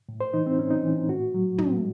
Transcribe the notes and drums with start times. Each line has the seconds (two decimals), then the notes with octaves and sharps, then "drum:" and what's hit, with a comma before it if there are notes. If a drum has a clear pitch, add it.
0.09 A2
0.20 C5
0.34 E3 D#4
0.47 C4
0.58 A2 C#4
0.70 D#4
0.84 E3
1.09 A2 F#4
1.34 F#3
1.58 A2, drum: tom